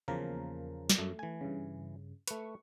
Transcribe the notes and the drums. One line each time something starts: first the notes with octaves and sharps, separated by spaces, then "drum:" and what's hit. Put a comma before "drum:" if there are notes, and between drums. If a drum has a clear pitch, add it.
E2 C#3 F3 A#3 A#4
drum: snare
F#2 A3
E3 G#5
G2 C#3
A3 B4 C#6, drum: hi-hat